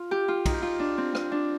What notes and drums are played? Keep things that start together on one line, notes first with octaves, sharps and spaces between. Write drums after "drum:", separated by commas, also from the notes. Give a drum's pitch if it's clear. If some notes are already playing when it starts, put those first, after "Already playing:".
Already playing: F4
G4
F4
D#4, drum: kick, cymbal
G4
F4
D4
C4
C4, drum: rim click
D4